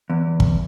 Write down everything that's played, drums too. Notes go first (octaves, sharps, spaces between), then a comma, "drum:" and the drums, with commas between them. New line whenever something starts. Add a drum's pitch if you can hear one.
E2
drum: kick